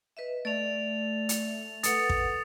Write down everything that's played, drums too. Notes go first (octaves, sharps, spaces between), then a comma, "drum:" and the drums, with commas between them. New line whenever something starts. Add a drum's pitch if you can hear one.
B4 D#5 E5
A3 D5 A6 F7
drum: hi-hat
A4 B4 F#5 D#6 A6 C#7, drum: hi-hat
drum: kick